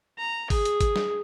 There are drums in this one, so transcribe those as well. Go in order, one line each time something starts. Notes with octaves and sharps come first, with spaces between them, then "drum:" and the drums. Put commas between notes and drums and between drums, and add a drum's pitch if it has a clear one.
A#5
G#4, drum: kick G#1, open hi-hat
drum: hi-hat
drum: kick G#1, hi-hat
drum: snare